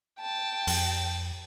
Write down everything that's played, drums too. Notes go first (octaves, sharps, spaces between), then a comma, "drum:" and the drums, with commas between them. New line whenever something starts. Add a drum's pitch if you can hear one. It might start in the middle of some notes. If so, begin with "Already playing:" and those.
G5 A5
F2, drum: open hi-hat